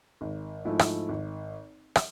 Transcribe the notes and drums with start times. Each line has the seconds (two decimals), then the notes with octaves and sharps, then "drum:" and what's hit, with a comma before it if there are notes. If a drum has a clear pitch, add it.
0.21 G#1
0.65 G#2 F3 A3 E4
0.79 drum: rim click
1.09 G#1
1.96 drum: rim click